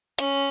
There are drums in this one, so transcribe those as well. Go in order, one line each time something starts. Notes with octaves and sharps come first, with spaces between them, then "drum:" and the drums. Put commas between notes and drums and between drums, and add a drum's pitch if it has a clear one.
C#4, drum: hi-hat